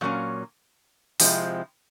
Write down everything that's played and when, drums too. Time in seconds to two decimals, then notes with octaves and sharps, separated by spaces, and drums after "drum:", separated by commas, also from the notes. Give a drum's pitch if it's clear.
0.01 A#2 F#3 A#3 C#4
1.20 C3 F3 G#3 C4 E4, drum: open hi-hat